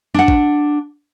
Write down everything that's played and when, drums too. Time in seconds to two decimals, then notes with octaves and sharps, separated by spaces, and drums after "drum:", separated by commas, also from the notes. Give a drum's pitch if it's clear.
0.14 D4 F#5
0.28 drum: kick A1